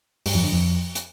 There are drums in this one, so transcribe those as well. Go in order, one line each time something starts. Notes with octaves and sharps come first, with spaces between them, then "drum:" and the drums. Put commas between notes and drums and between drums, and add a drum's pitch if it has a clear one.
G2 G3, drum: open hi-hat
F2 F3
D3
F2 F3
drum: hi-hat